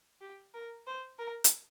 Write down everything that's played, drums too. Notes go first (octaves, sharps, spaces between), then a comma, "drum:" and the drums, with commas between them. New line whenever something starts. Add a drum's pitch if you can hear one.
G4
A#4
C5
A#4
drum: hi-hat